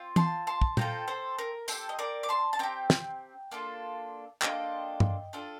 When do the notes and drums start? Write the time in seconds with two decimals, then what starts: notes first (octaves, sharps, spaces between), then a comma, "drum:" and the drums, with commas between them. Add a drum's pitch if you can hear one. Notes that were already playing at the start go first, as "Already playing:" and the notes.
Already playing: C4 F4
0.16 A5 C6, drum: tom
0.47 A5 C6
0.62 drum: kick
0.77 C4 F4 A4 G5 A#5, drum: tom A#2
1.08 A4 C5
1.39 A#4
1.68 C4 G4 A4 C5, drum: tambourine
1.89 D#5
1.99 A#4 D5
2.23 D6
2.29 A5 C6
2.53 A5
2.59 C4 G4 G5 A#5
2.90 drum: snare
3.51 A#3 D4 F4 A4
4.42 A#3 D4 F4 A4 D#5 G5, drum: clap
5.00 drum: tom G2
5.33 D4 F4 A4